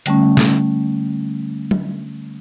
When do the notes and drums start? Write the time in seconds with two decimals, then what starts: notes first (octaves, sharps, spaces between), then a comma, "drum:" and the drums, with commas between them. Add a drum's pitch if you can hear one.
0.06 D3 G3 A3 C#4, drum: hi-hat
0.37 drum: snare
1.71 drum: tom